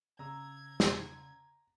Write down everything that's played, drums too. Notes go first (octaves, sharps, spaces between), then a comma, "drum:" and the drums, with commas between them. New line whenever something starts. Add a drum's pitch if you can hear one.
C#3 A#5 E6 G#6
drum: snare